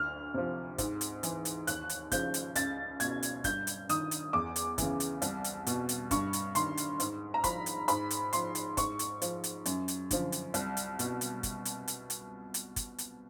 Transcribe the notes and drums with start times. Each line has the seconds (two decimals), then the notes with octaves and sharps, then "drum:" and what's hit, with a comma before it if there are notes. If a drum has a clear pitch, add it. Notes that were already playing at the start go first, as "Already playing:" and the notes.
Already playing: D2 F6
0.34 C3 F3
0.78 G#2, drum: kick, hi-hat
1.01 drum: hi-hat
1.23 E3, drum: hi-hat
1.45 drum: hi-hat
1.67 D#2 F#6, drum: hi-hat
1.89 drum: hi-hat
2.12 C#3 F3 G6, drum: kick, hi-hat
2.34 drum: hi-hat
2.55 C#2 A6, drum: hi-hat
3.00 B2 G#6, drum: hi-hat
3.23 drum: hi-hat
3.44 G2 G6, drum: kick, hi-hat
3.67 drum: hi-hat
3.89 D#3 D#6, drum: hi-hat
4.11 drum: hi-hat
4.33 E2 D6
4.56 drum: hi-hat
4.78 C#3 E3, drum: kick, hi-hat
5.00 drum: hi-hat
5.22 C2, drum: hi-hat
5.44 drum: hi-hat
5.67 B2, drum: hi-hat
5.89 drum: hi-hat
6.11 G2 C#6, drum: kick, hi-hat
6.33 drum: hi-hat
6.55 D#3 C6, drum: hi-hat
6.77 drum: hi-hat
7.00 G#2, drum: hi-hat
7.34 A#5
7.44 F3 B5, drum: kick, hi-hat
7.66 drum: hi-hat
7.88 G#2 B5, drum: hi-hat
8.11 drum: hi-hat
8.33 F3 C6, drum: hi-hat
8.55 drum: hi-hat
8.77 G#2 C#6, drum: kick, hi-hat
8.99 drum: hi-hat
9.22 F3, drum: hi-hat
9.44 drum: hi-hat
9.66 F#2, drum: hi-hat
9.88 drum: hi-hat
10.11 D3 F3, drum: kick, hi-hat
10.32 drum: hi-hat
10.54 C2, drum: hi-hat
10.77 drum: hi-hat
10.99 B2, drum: hi-hat
11.21 drum: hi-hat
11.43 drum: kick, hi-hat
11.65 drum: hi-hat
11.88 drum: hi-hat
12.10 drum: hi-hat
12.54 drum: hi-hat
12.76 drum: kick, hi-hat
12.98 drum: hi-hat